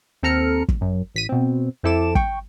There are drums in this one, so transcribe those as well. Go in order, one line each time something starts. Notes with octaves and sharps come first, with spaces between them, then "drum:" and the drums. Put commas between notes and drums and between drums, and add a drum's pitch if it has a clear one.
D#2 C4 A4 A#5 F6 C#7
drum: kick
F#2
A1 B6 D#7
B2 C4
F2 C4 E4 A4 D6 E7
G5 C#6, drum: kick